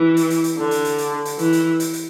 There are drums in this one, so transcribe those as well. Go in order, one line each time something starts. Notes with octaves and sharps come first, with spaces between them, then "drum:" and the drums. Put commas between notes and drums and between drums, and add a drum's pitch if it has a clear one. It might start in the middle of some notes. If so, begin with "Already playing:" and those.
Already playing: E3
drum: hi-hat
drum: hi-hat
drum: hi-hat
D3
drum: hi-hat
drum: hi-hat
drum: hi-hat
drum: hi-hat
E3, drum: hi-hat
drum: hi-hat
drum: hi-hat
drum: hi-hat